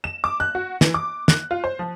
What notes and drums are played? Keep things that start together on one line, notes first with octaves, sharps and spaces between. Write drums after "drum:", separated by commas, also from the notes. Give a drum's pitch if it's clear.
E7
D6
F#6
F#4
E3, drum: snare
D6
F#6, drum: snare
F4
C5
F3